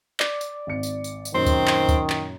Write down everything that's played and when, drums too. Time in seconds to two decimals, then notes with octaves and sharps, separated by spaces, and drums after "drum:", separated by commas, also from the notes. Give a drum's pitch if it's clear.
0.20 D5, drum: clap
0.41 drum: tambourine
0.67 G#1 C#7
0.83 drum: tambourine
1.04 drum: tambourine
1.25 drum: tambourine
1.35 F#2 A#2 D#3 C4 C6
1.46 drum: kick D2, tambourine
1.68 drum: clap
1.89 drum: kick D2, tambourine
2.10 drum: clap